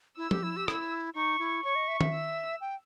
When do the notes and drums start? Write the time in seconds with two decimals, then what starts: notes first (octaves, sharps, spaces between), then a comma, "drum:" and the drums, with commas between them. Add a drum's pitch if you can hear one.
0.17 E4 E6
0.31 G4, drum: tom
0.43 E4
0.57 G4
0.68 E4, drum: rim click
1.15 D#4 C#6
1.39 E4
1.63 C#5 C#6
1.75 D#5
1.88 E5
2.01 E5, drum: tom D#3
2.13 E6
2.61 G5